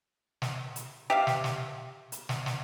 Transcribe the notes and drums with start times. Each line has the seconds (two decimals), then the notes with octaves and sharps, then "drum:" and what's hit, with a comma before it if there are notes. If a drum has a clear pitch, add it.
0.42 drum: snare
0.76 drum: hi-hat
1.10 G4 E5 F5
1.27 drum: snare
1.44 drum: snare
2.12 drum: hi-hat
2.29 drum: snare
2.46 drum: snare